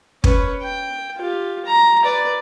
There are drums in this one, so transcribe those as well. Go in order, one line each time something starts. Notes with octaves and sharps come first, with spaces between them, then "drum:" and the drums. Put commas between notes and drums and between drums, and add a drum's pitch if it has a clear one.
C#4 B4, drum: kick
G5
F4 G4
A#5
B4 D5